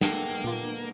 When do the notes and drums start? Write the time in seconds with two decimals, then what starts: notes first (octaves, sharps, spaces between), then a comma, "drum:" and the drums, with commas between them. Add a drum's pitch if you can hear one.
0.01 G#3 A#3 B3 A4 G5, drum: snare
0.44 A#2 F4